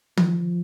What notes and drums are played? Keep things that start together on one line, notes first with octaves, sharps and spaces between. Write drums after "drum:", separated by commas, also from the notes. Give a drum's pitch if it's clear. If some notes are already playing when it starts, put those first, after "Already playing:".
F3, drum: tom D#3